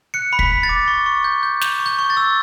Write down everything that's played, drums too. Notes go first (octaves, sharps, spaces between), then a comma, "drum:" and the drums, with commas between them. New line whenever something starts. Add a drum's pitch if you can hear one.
F#6 C#7
B5
B6, drum: kick
B5
A6
D6
C#6
C#6
G6
G6
G6, drum: snare
C#6
G6
C#6
A6
E6